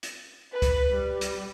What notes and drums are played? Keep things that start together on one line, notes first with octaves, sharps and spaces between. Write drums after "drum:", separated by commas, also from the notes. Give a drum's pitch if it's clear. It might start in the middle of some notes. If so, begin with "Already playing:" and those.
drum: hi-hat
B4
drum: kick C#2, hi-hat
G3
drum: hi-hat